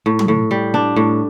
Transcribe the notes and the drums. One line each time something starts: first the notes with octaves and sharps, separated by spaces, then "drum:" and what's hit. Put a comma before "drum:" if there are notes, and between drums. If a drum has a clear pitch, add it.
A2
drum: tom
A2
G3
D4
A2